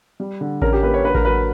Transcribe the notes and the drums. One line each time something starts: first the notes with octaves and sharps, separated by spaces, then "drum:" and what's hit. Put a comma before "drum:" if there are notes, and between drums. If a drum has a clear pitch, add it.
G3
D3
C#4 A#4, drum: kick A1
G4
A#3 B4
C#5
D3 B4
A#4, drum: kick A1
F#3 B4